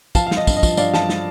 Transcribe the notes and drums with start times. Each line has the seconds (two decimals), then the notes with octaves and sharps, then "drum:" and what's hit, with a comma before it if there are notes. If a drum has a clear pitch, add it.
0.15 F3 F5 A5, drum: kick, tambourine
0.27 F5
0.31 F3, drum: snare
0.37 D#5
0.47 G2, drum: kick, tambourine
0.57 D#5
0.63 F3, drum: kick, tambourine
0.77 G2 D5 F5, drum: tambourine
0.94 F3 F5 A5, drum: snare
1.09 drum: snare